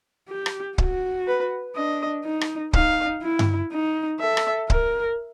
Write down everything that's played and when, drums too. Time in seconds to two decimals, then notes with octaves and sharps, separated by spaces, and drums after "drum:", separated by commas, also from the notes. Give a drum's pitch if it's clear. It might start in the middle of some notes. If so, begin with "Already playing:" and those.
0.29 G4
0.46 drum: rim click
0.78 F#4, drum: kick C#1
1.27 B4
1.76 D4 D#5
2.25 D#4
2.41 drum: rim click
2.73 D#4 F5, drum: kick C#1
3.23 E4
3.39 drum: tom G2
3.72 D#4
4.20 A4 E5
4.37 drum: rim click
4.70 A#4, drum: kick C#1